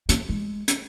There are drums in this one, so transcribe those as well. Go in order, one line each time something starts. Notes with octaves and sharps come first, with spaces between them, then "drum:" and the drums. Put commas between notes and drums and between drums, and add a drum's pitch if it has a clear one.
A#3, drum: hi-hat
G#3
drum: hi-hat